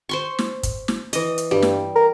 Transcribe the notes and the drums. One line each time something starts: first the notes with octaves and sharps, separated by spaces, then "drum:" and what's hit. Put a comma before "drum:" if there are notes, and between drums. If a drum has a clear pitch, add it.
C5 C6 C#6
drum: snare
drum: kick, hi-hat
drum: snare
E3 D#5, drum: hi-hat
drum: hi-hat
G2 G3
drum: snare
A#4